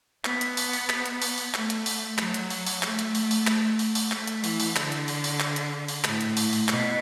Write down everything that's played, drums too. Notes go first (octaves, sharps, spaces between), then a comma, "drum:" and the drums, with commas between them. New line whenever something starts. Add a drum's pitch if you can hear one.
B3, drum: clap
drum: hi-hat
drum: open hi-hat
drum: open hi-hat
drum: clap
drum: hi-hat
drum: open hi-hat
drum: open hi-hat
A3, drum: clap
drum: hi-hat
drum: open hi-hat
F#3, drum: clap
drum: hi-hat
drum: open hi-hat
drum: open hi-hat
A3, drum: clap
drum: hi-hat
drum: open hi-hat
drum: open hi-hat
drum: clap
drum: open hi-hat
drum: open hi-hat
A3, drum: clap
drum: hi-hat
E3, drum: open hi-hat
drum: open hi-hat
D3, drum: clap
drum: hi-hat
drum: open hi-hat
drum: open hi-hat
drum: clap
drum: hi-hat
drum: open hi-hat
A2, drum: clap
drum: hi-hat
drum: open hi-hat
drum: open hi-hat
B2, drum: clap